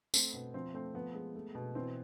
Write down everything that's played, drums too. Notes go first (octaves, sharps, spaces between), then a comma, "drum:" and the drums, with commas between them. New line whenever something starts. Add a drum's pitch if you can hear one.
A3 C4, drum: tambourine
B2 B3
F3 C4
A3 C4
F3 B3
G#3
A3
B2
E3 C4